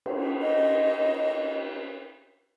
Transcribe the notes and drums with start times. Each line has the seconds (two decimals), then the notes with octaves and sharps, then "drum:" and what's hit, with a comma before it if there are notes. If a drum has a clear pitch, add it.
0.06 drum: cymbal
0.42 D#5